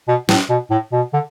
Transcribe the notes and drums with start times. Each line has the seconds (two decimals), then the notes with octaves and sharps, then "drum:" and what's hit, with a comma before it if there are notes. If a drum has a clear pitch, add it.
0.08 B2
0.29 A2, drum: snare
0.50 B2
0.70 A2
0.92 B2
1.13 D3